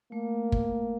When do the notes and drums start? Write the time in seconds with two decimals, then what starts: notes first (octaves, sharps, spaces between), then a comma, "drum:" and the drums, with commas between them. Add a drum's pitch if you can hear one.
0.12 A3 A#3
0.52 drum: kick